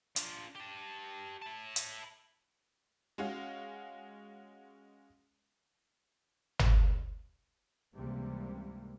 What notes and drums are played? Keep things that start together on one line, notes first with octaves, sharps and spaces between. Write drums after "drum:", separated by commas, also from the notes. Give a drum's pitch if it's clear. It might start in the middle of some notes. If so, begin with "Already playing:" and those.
D4 F4, drum: hi-hat
G4 A5
E4 A5
drum: hi-hat
G#3 C#4 F#4 F5
drum: tom
C#2 G#2 C3 E3 G3 A#3